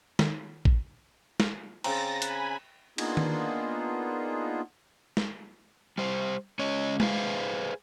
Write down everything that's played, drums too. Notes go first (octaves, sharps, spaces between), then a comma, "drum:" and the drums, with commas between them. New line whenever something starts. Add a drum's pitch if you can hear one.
D#3, drum: snare
drum: kick A1
drum: snare
C#3 C4 A#5 A6 A#6, drum: cymbal
G#5 B5 F#6, drum: hi-hat
A#3 B3 D4 D#4 F4 G#4, drum: cymbal
drum: tom D#3
drum: snare
G3 C5
G#3 C#4 C#5 D#5
G#4 B4 C5 F5, drum: tom G#3